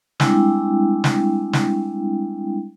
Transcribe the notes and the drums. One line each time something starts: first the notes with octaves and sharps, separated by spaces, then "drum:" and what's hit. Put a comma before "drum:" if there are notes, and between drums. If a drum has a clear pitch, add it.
G3 G#3 C4 D4 E4 G5, drum: snare
drum: snare
drum: snare